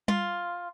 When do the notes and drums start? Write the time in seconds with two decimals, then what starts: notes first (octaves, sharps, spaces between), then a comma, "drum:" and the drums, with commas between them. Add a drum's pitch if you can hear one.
0.08 F4, drum: tom G3